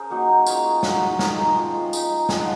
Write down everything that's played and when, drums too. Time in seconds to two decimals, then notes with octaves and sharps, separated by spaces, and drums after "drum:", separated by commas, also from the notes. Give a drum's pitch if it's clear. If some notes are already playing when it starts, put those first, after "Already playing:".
Already playing: C#4 G#4 A#4 C5
0.10 F#3 A#3 D#4
0.47 G#3 C#4 F4 A#4 C#5, drum: tambourine
0.83 F#3 C#4 F4, drum: snare
1.19 G#3 C4 D#4 A#4 C#5, drum: snare
1.55 F3 G#3 C#4 F4 C5 D#5
1.93 G#3 D#4, drum: tambourine
2.29 F3 C4 D#4 F5 G#5, drum: snare
2.38 D#5 F#5